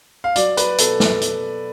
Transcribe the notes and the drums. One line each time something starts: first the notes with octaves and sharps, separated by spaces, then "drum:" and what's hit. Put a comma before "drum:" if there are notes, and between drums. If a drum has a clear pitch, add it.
F5
F#3 D5, drum: hi-hat
B4, drum: hi-hat
B2 A4, drum: hi-hat
drum: snare
drum: hi-hat